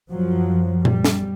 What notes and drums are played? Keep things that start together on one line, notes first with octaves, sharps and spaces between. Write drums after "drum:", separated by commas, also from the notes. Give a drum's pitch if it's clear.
F#2 F3 F#3
G3, drum: tom A#2
drum: snare